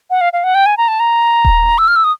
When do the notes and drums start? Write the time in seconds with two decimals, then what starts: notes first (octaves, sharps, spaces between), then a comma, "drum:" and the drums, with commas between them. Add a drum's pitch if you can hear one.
0.10 F#5
0.21 F5
0.33 F5
0.44 F#5
0.55 G5
0.66 G#5
0.77 A#5
0.88 A5
1.00 A#5
1.45 drum: kick D#1
1.78 E6
1.88 F6
1.96 E6
2.04 D#6